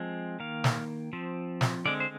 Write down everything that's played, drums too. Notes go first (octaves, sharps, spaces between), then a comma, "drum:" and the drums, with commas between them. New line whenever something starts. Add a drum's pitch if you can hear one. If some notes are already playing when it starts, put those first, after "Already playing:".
Already playing: F3 G#3 C4
D#3 A#3 F5
drum: snare
F3 C4
drum: snare
D3 G#3 C4 D5
C5